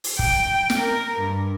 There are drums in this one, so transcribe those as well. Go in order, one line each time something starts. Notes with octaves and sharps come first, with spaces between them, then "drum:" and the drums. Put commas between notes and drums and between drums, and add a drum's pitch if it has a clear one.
drum: open hi-hat
G5, drum: kick
drum: snare
A#4
G2